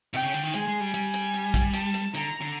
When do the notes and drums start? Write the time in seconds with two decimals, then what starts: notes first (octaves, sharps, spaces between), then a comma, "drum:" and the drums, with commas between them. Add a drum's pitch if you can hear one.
0.14 C3 G5, drum: hi-hat
0.23 C#3
0.34 D3, drum: hi-hat
0.44 D#3
0.54 G#3 G#5, drum: hi-hat
0.68 G#3
0.80 G3
0.94 G3, drum: hi-hat
1.14 drum: hi-hat
1.34 drum: hi-hat
1.54 drum: kick, hi-hat
1.73 A5, drum: hi-hat
1.94 drum: hi-hat
2.15 D3 A#5, drum: hi-hat
2.41 D3